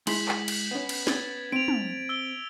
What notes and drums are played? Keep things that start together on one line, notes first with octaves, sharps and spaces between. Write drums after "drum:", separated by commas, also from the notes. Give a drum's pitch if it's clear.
G#3 E4 C6 B6 F#7, drum: cymbal
drum: clap
drum: cymbal
B3 C#4
drum: cymbal
G#6 A6, drum: snare
C4 D7 F7
drum: tom
E6 G7